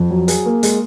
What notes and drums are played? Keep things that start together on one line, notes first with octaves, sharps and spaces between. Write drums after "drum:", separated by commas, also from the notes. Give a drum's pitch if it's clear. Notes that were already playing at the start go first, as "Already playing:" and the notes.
Already playing: F2
F#3
G#4, drum: hi-hat
A#3
G#3, drum: hi-hat